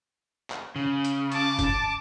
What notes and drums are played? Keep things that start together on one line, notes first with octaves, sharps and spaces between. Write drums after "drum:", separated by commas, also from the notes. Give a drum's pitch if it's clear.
drum: clap
C#3
drum: hi-hat
A5 D6, drum: hi-hat
drum: kick, hi-hat